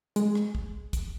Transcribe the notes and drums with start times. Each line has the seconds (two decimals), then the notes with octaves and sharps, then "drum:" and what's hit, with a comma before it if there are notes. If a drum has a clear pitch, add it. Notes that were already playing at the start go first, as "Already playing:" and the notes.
0.16 G#3, drum: hi-hat
0.35 drum: rim click
0.55 drum: kick
0.93 drum: kick, hi-hat